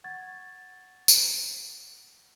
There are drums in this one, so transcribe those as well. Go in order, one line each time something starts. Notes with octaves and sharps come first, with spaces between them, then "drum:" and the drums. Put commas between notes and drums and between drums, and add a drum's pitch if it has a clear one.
F#5 C#6 G#6 A6
drum: tambourine